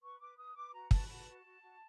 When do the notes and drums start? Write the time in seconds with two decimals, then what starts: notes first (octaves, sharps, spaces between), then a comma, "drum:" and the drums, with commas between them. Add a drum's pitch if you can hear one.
0.02 B4 C#6
0.19 B4 D6
0.37 B4 D#6
0.55 B4 D6
0.73 F#4 A#5
0.91 B4 A5, drum: kick
1.08 F#4 A5
1.27 F#4
1.45 F#4
1.61 F#4